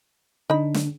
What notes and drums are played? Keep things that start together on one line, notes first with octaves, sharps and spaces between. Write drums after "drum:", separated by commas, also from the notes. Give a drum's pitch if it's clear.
D3 D4 D#4 B5
drum: snare